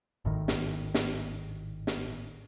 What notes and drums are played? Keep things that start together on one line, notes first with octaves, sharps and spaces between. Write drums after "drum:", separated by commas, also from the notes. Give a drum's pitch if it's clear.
G#1 A2 D#3
drum: snare
drum: snare
drum: snare